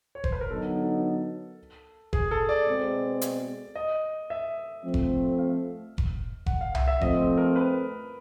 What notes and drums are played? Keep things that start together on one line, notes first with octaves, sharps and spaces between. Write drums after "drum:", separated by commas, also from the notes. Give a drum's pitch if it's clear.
C#5
C5, drum: kick F1
B4
A#4
D3 F#3 B3 D#4 A4
G#4, drum: kick F1
A4
D5
B2 G#3 C4
drum: hi-hat
D#5
E5
F3 A3 C4
drum: kick F1
F5
drum: kick F1
F#5, drum: kick F1
F5
E5, drum: tom C2
E5
F3 A3 C4 D#5, drum: kick F1
A#4
B4